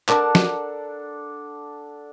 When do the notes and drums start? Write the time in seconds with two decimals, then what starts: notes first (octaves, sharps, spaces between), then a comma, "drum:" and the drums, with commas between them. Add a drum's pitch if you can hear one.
0.09 D4 A4 A#4 F#5 A5, drum: clap
0.35 drum: snare